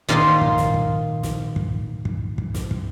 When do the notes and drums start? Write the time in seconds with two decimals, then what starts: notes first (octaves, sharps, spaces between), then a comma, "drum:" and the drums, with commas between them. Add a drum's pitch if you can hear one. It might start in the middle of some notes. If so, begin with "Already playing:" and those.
0.09 A#2 D#3 F4 D#5 F5 C6, drum: kick
0.41 drum: kick
0.58 drum: snare
0.74 drum: kick
1.23 drum: snare
1.56 drum: kick
2.05 drum: kick
2.38 drum: kick
2.54 drum: snare
2.71 drum: kick